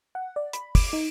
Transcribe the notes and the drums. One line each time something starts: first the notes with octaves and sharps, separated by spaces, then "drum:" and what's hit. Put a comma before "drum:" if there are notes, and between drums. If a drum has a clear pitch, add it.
F#5
D5
B5, drum: hi-hat
D6, drum: kick, open hi-hat
D#4